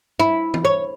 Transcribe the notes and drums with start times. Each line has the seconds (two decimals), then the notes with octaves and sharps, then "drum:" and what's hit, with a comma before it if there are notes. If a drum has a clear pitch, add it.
0.20 E4
0.54 drum: tom E3
0.65 C#5